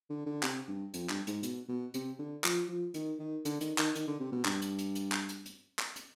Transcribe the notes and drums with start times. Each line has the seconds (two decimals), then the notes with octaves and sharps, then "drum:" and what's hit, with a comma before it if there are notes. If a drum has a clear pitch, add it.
0.10 D3
0.26 D3
0.43 C3, drum: clap
0.68 G2
0.94 F2, drum: hi-hat
1.10 G2, drum: clap
1.27 G#2, drum: hi-hat
1.43 B2, drum: hi-hat
1.69 B2
1.94 C3, drum: hi-hat
2.19 D3
2.44 F3, drum: clap
2.68 F3
2.94 D#3, drum: hi-hat
3.19 D#3
3.45 D3, drum: hi-hat
3.61 D#3, drum: hi-hat
3.78 D#3, drum: clap
3.95 D#3, drum: hi-hat
4.08 D3
4.20 C3
4.32 B2
4.45 G2, drum: clap
4.62 drum: hi-hat
4.78 drum: hi-hat
4.95 drum: hi-hat
5.12 drum: clap
5.29 drum: hi-hat
5.46 drum: hi-hat
5.79 drum: clap
5.96 drum: hi-hat